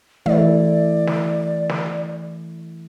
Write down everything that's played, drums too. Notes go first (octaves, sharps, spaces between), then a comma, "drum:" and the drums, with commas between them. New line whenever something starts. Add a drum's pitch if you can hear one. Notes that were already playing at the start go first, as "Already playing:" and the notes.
E3 A3 E4 D5, drum: tom
drum: snare
drum: snare